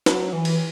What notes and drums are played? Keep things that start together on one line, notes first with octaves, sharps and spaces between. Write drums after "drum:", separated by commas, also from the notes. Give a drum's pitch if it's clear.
F#3, drum: snare
E3
drum: cymbal